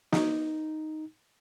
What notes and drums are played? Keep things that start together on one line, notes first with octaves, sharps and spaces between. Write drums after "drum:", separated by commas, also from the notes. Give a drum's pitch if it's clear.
D#4, drum: snare